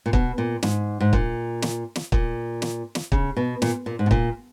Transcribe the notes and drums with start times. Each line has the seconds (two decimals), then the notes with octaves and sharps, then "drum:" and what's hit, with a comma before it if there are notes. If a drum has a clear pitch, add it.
0.06 A#2
0.13 B2, drum: kick
0.38 A#2
0.63 G#2, drum: snare
1.00 G#2
1.13 A#2, drum: kick
1.62 drum: snare
1.96 drum: snare
2.12 A#2, drum: kick
2.62 drum: snare
2.95 drum: snare
3.12 C#3, drum: kick
3.37 B2
3.62 A#2, drum: snare
3.86 A#2
3.99 G#2
4.06 B2
4.11 A#2, drum: kick